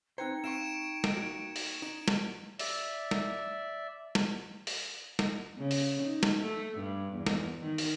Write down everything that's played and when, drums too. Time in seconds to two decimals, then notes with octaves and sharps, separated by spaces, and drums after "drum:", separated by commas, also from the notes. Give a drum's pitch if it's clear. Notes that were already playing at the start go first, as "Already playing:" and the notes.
0.18 C4 D#4 B4 C5 G5 A#5 G#6 C#7
0.44 C4 F5 C6 C#6 C#7 D7 E7
1.04 drum: snare
1.17 A#3 F#4
1.56 drum: open hi-hat
1.82 D#4 D7
2.08 drum: snare
2.59 D5 E5, drum: open hi-hat
3.11 drum: snare
4.15 drum: snare
4.67 drum: open hi-hat
5.19 drum: snare
5.58 C#3
5.71 drum: open hi-hat
6.03 D#4
6.23 drum: snare
6.42 A3
6.78 G2
7.14 E2
7.26 drum: snare
7.62 D#3
7.78 drum: open hi-hat